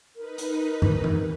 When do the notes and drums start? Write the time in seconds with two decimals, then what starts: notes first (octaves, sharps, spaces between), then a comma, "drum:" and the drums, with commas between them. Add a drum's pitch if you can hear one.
0.16 D#4 A#4 B4
0.38 drum: hi-hat
0.82 drum: tom
1.04 drum: tom E3